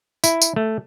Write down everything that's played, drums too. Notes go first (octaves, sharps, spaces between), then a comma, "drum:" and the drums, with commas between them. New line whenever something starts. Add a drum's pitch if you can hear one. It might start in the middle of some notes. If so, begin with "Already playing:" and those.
E4, drum: tambourine
drum: tambourine
A3